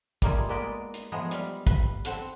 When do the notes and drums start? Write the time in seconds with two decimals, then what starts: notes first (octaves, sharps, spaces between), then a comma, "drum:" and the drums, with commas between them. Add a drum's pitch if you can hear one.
0.22 G3 A3 A#3 D#4 F4 G#4, drum: kick, hi-hat
0.49 G#3 A#3 B3 B4 D5 D#5
0.94 drum: hi-hat
1.12 F3 G#3 A3 B3 G#4 A#5
1.31 G3 F5, drum: hi-hat
1.67 B4, drum: kick, hi-hat
2.05 C4 A4 F#5 A5, drum: hi-hat